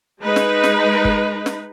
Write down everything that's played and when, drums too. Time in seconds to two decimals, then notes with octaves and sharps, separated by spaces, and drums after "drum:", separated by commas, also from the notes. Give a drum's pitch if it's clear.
0.22 G#3 D#4 B4
0.36 drum: snare
0.64 drum: snare
1.05 drum: kick G1
1.46 drum: snare